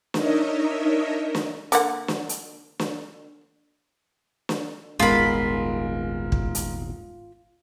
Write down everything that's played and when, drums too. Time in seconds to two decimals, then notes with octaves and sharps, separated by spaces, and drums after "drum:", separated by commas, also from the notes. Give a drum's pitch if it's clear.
0.14 D4 D#4 A#4 C#5 D#5 E5, drum: snare
1.35 drum: snare
1.72 D3 A#3 F#5, drum: hi-hat
2.08 drum: snare
2.29 drum: hi-hat
2.79 drum: snare
4.49 drum: snare
5.00 D#1 G#1 G#3 B3 F4 A#4 B5
6.32 drum: kick
6.55 drum: hi-hat